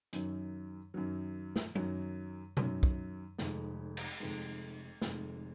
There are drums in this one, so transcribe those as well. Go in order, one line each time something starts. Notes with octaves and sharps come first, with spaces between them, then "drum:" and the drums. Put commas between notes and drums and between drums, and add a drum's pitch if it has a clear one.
F#2 D#3 F#3, drum: hi-hat
F#2 D#3 F#3
drum: snare
F#2 D#3 F#3, drum: tom
F#2 D#3 F#3, drum: tom
drum: kick
F1 F2 D#3 G#3, drum: snare
drum: cymbal
F1 F2 D#3 G#3
F1 F2 D#3 G#3, drum: snare